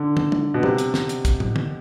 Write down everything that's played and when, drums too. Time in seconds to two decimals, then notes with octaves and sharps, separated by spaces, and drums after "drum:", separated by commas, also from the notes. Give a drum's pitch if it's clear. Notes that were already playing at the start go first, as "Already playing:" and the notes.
Already playing: D3
0.17 drum: tom
0.32 drum: tom
0.54 B2
0.63 C3, drum: tom
0.78 drum: hi-hat
0.94 drum: snare
1.09 drum: hi-hat
1.25 drum: kick, hi-hat
1.40 drum: tom
1.56 drum: tom